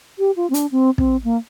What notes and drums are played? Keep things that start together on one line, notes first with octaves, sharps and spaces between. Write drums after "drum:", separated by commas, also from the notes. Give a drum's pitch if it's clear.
G4
F4
C4
D4, drum: hi-hat
C4
C4, drum: kick
A#3